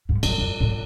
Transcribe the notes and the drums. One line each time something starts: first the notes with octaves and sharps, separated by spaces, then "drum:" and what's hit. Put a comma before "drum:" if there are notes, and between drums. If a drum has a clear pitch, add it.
G#2
F#2, drum: cymbal
F#2
A2